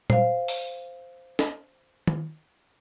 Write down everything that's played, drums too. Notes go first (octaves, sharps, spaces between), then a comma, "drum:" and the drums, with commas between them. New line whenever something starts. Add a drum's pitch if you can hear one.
C5 F5, drum: tom A#2
drum: open hi-hat
drum: snare
drum: tom